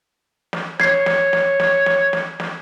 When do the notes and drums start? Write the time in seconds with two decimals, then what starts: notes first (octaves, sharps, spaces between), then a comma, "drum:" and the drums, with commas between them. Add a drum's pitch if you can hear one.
0.53 drum: snare
0.80 C#5 G#6 C7, drum: snare
1.06 drum: snare
1.33 drum: snare
1.60 drum: snare
1.86 drum: snare
2.13 drum: snare
2.40 drum: snare